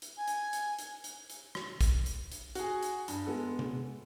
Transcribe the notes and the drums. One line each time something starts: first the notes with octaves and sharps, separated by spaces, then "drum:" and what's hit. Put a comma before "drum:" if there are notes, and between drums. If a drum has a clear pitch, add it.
drum: hi-hat
G#5
drum: hi-hat
drum: hi-hat
drum: hi-hat
drum: hi-hat
drum: hi-hat
drum: rim click
drum: kick, hi-hat
drum: hi-hat
drum: hi-hat
F#4 G#4, drum: hi-hat
drum: hi-hat
G2, drum: hi-hat
G#3 B3 A4
drum: tom C3